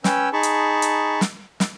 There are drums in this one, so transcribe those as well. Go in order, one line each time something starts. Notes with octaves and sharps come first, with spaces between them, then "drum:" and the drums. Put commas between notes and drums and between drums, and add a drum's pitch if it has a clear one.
C#4 B4 C#5 G5 E6, drum: snare
D#4 G#4 A5 B5 C#6
drum: hi-hat
drum: hi-hat
drum: snare
drum: snare